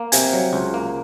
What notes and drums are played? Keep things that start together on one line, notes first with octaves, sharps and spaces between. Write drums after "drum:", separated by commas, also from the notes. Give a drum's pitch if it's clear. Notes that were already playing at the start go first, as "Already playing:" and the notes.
Already playing: A#3
C3 G#5, drum: hi-hat
F#3
C#2
A#3